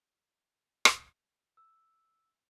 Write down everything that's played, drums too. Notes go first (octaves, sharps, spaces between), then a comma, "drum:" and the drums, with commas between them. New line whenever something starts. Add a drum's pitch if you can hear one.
drum: rim click
E6